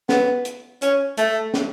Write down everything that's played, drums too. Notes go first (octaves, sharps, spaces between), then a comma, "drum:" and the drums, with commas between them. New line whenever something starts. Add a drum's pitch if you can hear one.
B3, drum: snare
drum: hi-hat
C#4, drum: hi-hat
A3, drum: hi-hat
drum: snare